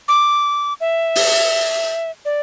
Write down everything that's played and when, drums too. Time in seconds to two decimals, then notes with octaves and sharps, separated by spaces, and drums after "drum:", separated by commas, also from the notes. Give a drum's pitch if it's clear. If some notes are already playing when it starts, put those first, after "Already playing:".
0.08 D6
0.81 E5
1.15 drum: open hi-hat
2.25 D5